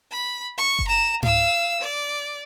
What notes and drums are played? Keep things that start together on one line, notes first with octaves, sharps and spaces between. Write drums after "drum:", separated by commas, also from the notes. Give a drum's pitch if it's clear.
B5
C#6
drum: kick F#1
A#5 E7
F5 E6, drum: tom G#2
D5